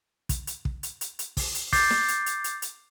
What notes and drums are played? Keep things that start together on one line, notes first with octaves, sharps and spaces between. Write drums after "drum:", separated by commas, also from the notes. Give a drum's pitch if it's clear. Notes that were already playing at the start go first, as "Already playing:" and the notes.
drum: kick, hi-hat
drum: hi-hat
drum: kick
drum: hi-hat
drum: hi-hat
drum: hi-hat
drum: kick, open hi-hat
drum: hi-hat
D6 G6 A6 C7, drum: kick, open hi-hat
drum: snare
drum: hi-hat
drum: hi-hat
drum: hi-hat
drum: hi-hat